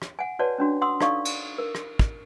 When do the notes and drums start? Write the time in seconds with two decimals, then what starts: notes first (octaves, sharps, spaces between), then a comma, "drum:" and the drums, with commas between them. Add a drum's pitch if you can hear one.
0.02 drum: rim click
0.19 F#5 G#5
0.39 F#4 B4 C#5 D5 F#5 A5
0.58 C#4 D4 F#4
0.82 F#5 C6 D#6 E6
1.01 D#4 A4 D5 F5 C#6, drum: rim click
1.25 drum: cymbal
1.58 A#4
1.75 drum: rim click
1.99 drum: kick